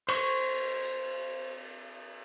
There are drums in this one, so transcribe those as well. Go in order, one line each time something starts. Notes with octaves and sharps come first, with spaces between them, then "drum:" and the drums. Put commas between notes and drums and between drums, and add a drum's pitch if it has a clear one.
C5 C#6, drum: cymbal
drum: tambourine